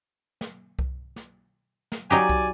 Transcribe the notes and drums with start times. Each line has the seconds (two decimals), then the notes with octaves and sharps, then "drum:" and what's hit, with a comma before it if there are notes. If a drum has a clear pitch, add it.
0.41 drum: snare
0.79 drum: kick C2
1.16 drum: snare
1.92 drum: snare
2.11 F#3 D#4 G4 D5 G#5
2.29 drum: kick C2